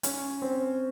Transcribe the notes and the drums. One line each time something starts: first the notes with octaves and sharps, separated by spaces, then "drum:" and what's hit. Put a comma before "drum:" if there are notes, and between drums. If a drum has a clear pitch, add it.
C#4, drum: hi-hat
C4